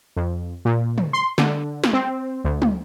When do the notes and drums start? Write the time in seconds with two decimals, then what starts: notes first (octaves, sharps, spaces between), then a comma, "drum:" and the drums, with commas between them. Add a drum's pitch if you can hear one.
0.16 F2
0.65 A#2
0.98 drum: tom
1.13 C6
1.38 D3, drum: snare
1.84 drum: snare
1.93 C4
2.44 D2
2.62 drum: tom